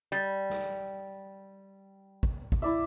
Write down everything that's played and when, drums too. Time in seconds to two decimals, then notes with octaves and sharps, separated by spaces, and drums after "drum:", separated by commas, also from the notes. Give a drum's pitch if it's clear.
0.12 G3
0.50 drum: snare
2.23 drum: kick
2.52 drum: kick
2.62 E4 D5 E5